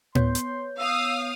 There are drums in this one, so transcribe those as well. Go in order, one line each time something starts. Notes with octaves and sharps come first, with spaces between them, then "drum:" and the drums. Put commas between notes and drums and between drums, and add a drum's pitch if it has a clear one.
B3 C#5 C6 G6, drum: tom A2
drum: hi-hat
F5 D#6 E6